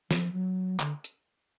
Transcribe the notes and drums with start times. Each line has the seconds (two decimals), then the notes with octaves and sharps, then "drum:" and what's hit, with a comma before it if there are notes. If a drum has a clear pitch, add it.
0.11 F3, drum: snare
0.33 F#3
0.80 D3, drum: clap
1.04 drum: hi-hat